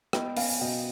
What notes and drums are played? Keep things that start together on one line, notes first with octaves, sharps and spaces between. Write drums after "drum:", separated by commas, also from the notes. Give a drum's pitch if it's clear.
B3 D#5 G5, drum: rim click
B3 F5 G#5, drum: open hi-hat
G#5
B2 D#5 G5